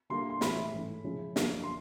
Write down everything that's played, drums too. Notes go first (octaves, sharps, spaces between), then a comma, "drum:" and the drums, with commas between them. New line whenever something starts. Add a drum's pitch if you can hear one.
D3 G3 A#3 C6
C6
A2 E3 G#3 C#4 E4 B5, drum: snare
G#2 E3 A3 C#4
C#3 F3 G#3 C#4 E4
F#2 D3 F3 A#3, drum: snare
C6